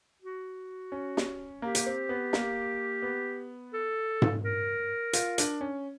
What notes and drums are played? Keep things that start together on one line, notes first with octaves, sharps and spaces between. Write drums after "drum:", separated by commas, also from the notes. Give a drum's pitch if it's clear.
F#4
C#4
drum: snare
A#3 G4
drum: hi-hat
C4
B3
A#3, drum: snare
B3
A4
drum: tom G#2
A#4
F4, drum: hi-hat
D4, drum: hi-hat
C#4